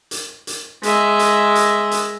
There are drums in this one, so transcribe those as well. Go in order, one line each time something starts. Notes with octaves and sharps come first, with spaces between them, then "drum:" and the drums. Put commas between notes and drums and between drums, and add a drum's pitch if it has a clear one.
drum: hi-hat
drum: hi-hat
G#3 E5, drum: hi-hat
drum: hi-hat
drum: hi-hat
drum: hi-hat